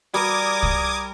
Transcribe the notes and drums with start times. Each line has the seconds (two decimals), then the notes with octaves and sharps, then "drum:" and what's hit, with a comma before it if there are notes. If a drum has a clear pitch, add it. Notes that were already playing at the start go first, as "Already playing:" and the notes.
0.14 G3 A#4 D6 D#6 G#6
0.63 drum: kick C2